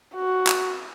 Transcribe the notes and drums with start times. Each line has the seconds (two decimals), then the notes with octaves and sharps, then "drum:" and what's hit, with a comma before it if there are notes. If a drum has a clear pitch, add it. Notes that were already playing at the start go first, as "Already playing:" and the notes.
0.16 F#4
0.47 drum: clap